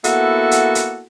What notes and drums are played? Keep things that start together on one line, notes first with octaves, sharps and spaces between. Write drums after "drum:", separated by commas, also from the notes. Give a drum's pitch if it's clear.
A#3 B3 E4 F#4 A4, drum: hi-hat
drum: hi-hat
drum: hi-hat